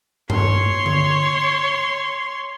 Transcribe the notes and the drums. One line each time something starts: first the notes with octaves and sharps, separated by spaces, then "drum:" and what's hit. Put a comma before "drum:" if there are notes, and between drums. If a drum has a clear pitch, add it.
C#5 C6, drum: tom G2
drum: tom D3